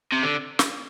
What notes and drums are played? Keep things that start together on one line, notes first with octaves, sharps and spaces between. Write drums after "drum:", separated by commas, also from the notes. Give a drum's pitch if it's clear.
C3
D3
drum: snare